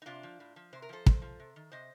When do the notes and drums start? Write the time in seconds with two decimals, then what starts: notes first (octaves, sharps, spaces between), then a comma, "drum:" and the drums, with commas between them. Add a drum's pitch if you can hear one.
0.02 D#4
0.06 C3 D4 F4
0.23 F3
0.40 A2
0.56 F3
0.73 C3 C5
0.82 A#4
0.89 F3 A4 C5
1.06 A#2, drum: kick
1.22 F3
1.40 C3
1.56 D#3
1.72 C3 C5 D#5